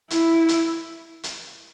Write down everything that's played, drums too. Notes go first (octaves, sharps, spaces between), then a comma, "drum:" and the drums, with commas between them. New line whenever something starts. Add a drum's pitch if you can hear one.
E4, drum: hi-hat
drum: hi-hat
drum: hi-hat